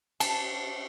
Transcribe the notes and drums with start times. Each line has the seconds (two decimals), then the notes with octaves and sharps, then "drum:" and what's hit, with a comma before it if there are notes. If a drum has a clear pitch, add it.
0.20 A5, drum: cymbal